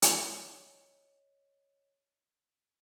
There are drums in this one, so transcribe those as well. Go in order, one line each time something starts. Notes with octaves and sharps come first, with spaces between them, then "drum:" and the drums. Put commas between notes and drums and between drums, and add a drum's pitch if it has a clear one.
C#5 D#5 D#6, drum: hi-hat